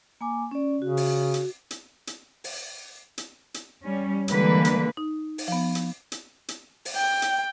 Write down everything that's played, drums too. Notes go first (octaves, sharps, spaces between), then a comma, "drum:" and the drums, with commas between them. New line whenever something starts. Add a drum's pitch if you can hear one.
A#3 G#5 D6
C#4 D5
C#3 F#4
drum: open hi-hat
drum: hi-hat
drum: hi-hat
drum: hi-hat
drum: open hi-hat
drum: hi-hat
drum: hi-hat
G3 C#4
D3 E3 G3 G#3 A#3 B4, drum: hi-hat
drum: hi-hat
D#4
drum: open hi-hat
F3 B3
drum: hi-hat
drum: hi-hat
drum: hi-hat
drum: open hi-hat
G5
drum: hi-hat